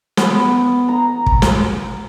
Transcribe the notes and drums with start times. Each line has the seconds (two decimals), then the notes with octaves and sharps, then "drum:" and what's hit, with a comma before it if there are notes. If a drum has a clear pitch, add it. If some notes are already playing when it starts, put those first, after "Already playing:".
0.17 B3, drum: snare
0.89 A#5
1.26 drum: kick
1.42 drum: snare